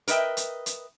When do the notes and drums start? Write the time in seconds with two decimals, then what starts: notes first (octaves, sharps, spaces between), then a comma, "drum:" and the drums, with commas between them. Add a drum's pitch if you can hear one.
0.08 A#4 B4 D#5 E5 G5, drum: hi-hat
0.37 drum: hi-hat
0.66 drum: hi-hat